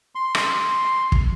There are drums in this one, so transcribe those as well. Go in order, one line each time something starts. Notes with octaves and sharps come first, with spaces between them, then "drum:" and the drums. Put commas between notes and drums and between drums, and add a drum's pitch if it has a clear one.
C6
drum: rim click
drum: kick